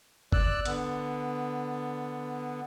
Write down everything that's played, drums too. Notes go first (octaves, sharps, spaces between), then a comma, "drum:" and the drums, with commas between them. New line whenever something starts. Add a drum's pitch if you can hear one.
D5 E6 F#6, drum: kick
D3 B3, drum: hi-hat